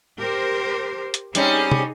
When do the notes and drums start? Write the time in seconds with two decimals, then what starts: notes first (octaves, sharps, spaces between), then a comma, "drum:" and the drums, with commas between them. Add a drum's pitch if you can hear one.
0.18 G4 A#4 C5
1.14 drum: hi-hat
1.35 G3 C4 C#4 D#4 G#4, drum: hi-hat
1.71 drum: tom